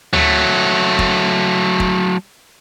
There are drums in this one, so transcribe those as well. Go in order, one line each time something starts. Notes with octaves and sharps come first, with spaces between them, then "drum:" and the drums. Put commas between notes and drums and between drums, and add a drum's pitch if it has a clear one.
F#3 A3, drum: tom D2
drum: kick
drum: kick